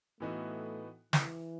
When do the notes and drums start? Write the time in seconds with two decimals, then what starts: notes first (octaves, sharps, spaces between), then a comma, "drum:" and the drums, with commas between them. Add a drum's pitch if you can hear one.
0.20 A2 E3 A3 B3 D#4 F#4
1.13 E3, drum: snare